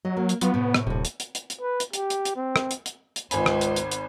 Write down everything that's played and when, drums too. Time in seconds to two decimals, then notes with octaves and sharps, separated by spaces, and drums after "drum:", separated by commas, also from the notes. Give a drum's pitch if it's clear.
0.05 F#3 D#5
0.17 A#3
0.29 drum: hi-hat
0.41 F#3 B3 F4, drum: hi-hat
0.54 A2 C3
0.74 drum: rim click
0.87 D#1 A2 C3
1.05 drum: hi-hat
1.20 drum: hi-hat
1.35 drum: hi-hat
1.50 drum: hi-hat
1.61 B4
1.80 drum: hi-hat
1.93 G4, drum: hi-hat
2.10 drum: hi-hat
2.25 drum: hi-hat
2.36 C4
2.56 drum: rim click
2.71 drum: hi-hat
2.86 drum: hi-hat
3.16 drum: hi-hat
3.31 G#1 C#2 C5 G#5 B5, drum: hi-hat
3.46 drum: rim click
3.61 drum: hi-hat
3.76 drum: hi-hat
3.91 drum: hi-hat